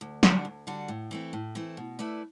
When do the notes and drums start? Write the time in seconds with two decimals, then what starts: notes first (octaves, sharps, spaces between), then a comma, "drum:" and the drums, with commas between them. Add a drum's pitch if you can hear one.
0.01 D2
0.23 D3 G3 D4 F#4, drum: snare
0.45 D2
0.67 D3 G3 D4 F#4
0.88 A2
1.11 E3 A3 C4
1.33 A2
1.55 E3 A3 C4
1.77 B2
1.99 A3 E4 B4 D5